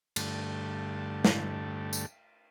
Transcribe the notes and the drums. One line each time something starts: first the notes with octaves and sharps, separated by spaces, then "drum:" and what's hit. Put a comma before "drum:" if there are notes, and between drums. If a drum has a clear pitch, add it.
G2 D3 A3, drum: cymbal
drum: snare
drum: tambourine